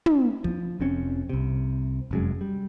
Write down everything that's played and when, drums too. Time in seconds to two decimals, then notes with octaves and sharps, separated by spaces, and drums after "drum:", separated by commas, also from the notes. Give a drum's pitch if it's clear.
0.06 drum: tom
0.44 F3, drum: kick
0.80 F1 F2 C4 C#4
1.29 C2 C3
2.11 F1 F#2 G#3
2.41 G3